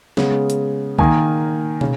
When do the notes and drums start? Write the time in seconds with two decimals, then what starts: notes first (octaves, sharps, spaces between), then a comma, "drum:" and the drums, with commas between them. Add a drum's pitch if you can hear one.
0.17 C#3 G#3 B3, drum: snare
0.50 drum: hi-hat
0.99 D#3 A#3 G#5, drum: kick C2
1.81 C#3, drum: tom